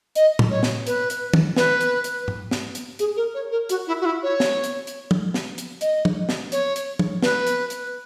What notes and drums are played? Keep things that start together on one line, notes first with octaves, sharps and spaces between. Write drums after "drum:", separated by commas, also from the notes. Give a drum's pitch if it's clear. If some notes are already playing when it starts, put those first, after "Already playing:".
D#5, drum: hi-hat
drum: tom
C#5
drum: snare
B4, drum: hi-hat
drum: hi-hat
drum: tom
B4, drum: snare
drum: hi-hat
drum: hi-hat
drum: tom
drum: snare
drum: hi-hat
G#4, drum: hi-hat
A#4
C#5
A#4
F#4, drum: hi-hat
E4
F#4
E4
C#5
drum: snare
drum: hi-hat
drum: hi-hat
drum: tom
drum: snare
drum: hi-hat
D#5, drum: hi-hat
drum: tom
drum: snare
C#5, drum: hi-hat
drum: hi-hat
drum: tom
B4, drum: snare
drum: hi-hat
drum: hi-hat